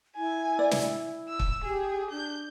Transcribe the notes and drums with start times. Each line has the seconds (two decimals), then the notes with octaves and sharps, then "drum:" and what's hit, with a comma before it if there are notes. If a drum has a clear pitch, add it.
0.16 E4 G#5
0.59 D5
0.71 drum: snare
1.29 E6
1.39 drum: kick
1.64 G4 G#4
2.10 D4 G6